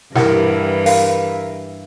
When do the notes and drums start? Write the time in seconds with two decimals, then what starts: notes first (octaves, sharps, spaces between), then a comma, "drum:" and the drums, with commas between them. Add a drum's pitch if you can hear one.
0.15 G2 E3 E4 G4 A4 A#4 F#5, drum: snare
0.86 A#4 F5, drum: open hi-hat